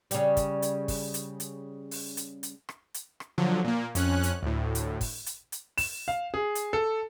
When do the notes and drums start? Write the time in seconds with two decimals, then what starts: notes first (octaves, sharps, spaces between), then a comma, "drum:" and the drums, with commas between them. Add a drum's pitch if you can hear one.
0.11 C#3 G3, drum: hi-hat
0.37 drum: kick, hi-hat
0.62 drum: hi-hat
0.88 drum: kick, open hi-hat
1.14 drum: hi-hat
1.40 drum: hi-hat
1.91 drum: open hi-hat
2.17 drum: hi-hat
2.43 drum: hi-hat
2.69 drum: rim click
2.94 drum: hi-hat
3.20 drum: rim click
3.38 D3 F3 F#3
3.65 A#2 A#3
3.95 F2 C#4 F#6, drum: hi-hat
4.23 drum: hi-hat
4.43 D2 A2
4.75 drum: hi-hat
5.01 drum: kick, open hi-hat
5.26 drum: hi-hat
5.52 drum: hi-hat
5.78 E7, drum: open hi-hat
6.08 F5
6.34 G#4
6.55 drum: hi-hat
6.73 A4